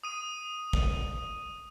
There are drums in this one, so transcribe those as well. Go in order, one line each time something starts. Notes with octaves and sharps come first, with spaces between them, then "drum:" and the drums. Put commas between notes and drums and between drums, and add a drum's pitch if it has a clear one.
D#6 D#7
drum: kick